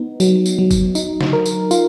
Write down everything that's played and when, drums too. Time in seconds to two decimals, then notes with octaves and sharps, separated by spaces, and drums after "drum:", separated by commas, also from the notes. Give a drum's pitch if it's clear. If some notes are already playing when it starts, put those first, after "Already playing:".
Already playing: B3 D#4
0.20 F#3, drum: tambourine
0.46 drum: tambourine
0.59 F#3
0.71 drum: kick G1, tambourine
0.95 D#4, drum: tambourine
1.21 drum: snare
1.33 A#4
1.46 drum: tambourine
1.71 F4, drum: tambourine